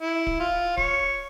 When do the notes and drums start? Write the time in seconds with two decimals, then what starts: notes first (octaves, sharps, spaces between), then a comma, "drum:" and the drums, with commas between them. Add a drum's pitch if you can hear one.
0.01 E4
0.27 drum: kick D1
0.40 F4
0.77 C#5, drum: kick D1